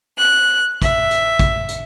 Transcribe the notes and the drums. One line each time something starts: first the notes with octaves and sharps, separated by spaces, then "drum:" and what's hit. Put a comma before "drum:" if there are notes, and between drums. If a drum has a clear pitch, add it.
F#6
E5, drum: kick, hi-hat
drum: hi-hat
drum: kick, hi-hat
drum: hi-hat